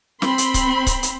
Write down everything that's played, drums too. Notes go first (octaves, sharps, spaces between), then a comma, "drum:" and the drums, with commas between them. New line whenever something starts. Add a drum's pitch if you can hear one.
C4 B5 C6, drum: snare
drum: hi-hat
drum: kick C#1, hi-hat
drum: kick C#1, hi-hat
drum: hi-hat